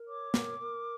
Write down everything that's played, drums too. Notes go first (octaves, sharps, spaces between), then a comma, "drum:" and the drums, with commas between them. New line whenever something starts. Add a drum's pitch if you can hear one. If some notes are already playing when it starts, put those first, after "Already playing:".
Already playing: A#4
C#5 D6
A#4, drum: snare
A#4